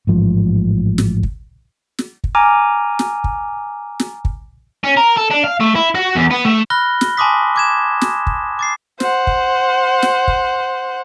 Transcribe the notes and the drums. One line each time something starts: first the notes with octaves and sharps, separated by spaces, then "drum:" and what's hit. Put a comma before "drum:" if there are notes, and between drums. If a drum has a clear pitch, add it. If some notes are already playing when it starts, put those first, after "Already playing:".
A1 G#2 F3
drum: snare
drum: kick
drum: snare
drum: kick
G#5 A#5 D6 F6
drum: snare
drum: kick
drum: snare
drum: kick
C#4
A#4
A4
D4
F5
A3
E4
F#4
E2
B3
A3
B5 F6 F#6 A#6 G7
drum: snare
G#5 A5 C6 D6 D#6 B6
D6 G#6 E7
drum: snare
drum: kick
D6 A6 C7
C5 F#5, drum: snare
drum: kick
drum: snare
drum: kick